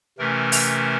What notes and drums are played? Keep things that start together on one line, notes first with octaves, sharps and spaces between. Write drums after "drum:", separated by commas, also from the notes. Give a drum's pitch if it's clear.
C3 E3 A3 C#4 A#4
drum: open hi-hat